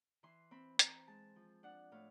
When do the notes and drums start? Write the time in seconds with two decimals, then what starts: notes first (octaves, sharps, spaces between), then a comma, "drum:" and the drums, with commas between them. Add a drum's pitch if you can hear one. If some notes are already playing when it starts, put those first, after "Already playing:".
0.23 E3 C6
0.51 C4 B5
0.79 C4 A#5, drum: hi-hat
1.08 G#3 A5
1.36 F3
1.63 D4 F#5
1.92 A2 F5